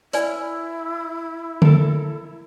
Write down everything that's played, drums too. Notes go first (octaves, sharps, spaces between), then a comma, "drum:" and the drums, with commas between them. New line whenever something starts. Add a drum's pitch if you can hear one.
E4 B4 D5 G#5, drum: hi-hat
A4 A#4, drum: tom D3